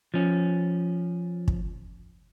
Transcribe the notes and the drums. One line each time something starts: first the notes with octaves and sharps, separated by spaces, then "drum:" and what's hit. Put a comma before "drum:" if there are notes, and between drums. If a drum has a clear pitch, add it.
F3 C#4
drum: kick